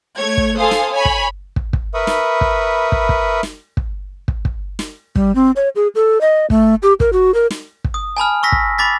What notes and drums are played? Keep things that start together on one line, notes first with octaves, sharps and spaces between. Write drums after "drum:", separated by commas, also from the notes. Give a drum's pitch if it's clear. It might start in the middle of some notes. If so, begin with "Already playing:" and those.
A3 C#5 G#6
drum: kick
A4 C5 F5 G#5 C6 D#6
drum: snare
C#5 G#5 B5
drum: kick
drum: kick
drum: kick
A#4 B4 E5 B5 C#6 D#6
drum: snare
drum: kick
drum: kick
drum: kick
drum: snare
drum: kick
drum: kick
drum: kick
drum: snare
G3, drum: kick
C4
C#5
G#4
A4
D#5
A3, drum: kick
G4
A#4, drum: kick
F#4
A#4
drum: snare
drum: kick
D#6
G#5 A5 B5 F6
C#6 E6 A#6 B6
drum: kick
B5 D6 A6 B6